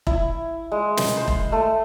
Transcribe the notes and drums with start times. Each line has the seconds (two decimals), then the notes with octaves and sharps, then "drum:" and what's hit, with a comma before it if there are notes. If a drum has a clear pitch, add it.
0.07 E4, drum: kick E1
0.72 G#3
0.97 drum: snare
1.17 C5
1.28 drum: kick E1
1.52 A3